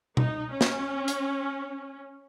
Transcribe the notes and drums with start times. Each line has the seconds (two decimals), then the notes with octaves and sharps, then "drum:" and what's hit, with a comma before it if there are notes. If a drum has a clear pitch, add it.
0.17 D#4, drum: tom B2
0.49 C#4
0.61 drum: snare
1.08 drum: hi-hat